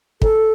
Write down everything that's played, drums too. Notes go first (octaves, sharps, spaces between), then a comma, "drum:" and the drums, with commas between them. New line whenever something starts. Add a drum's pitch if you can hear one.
A4, drum: kick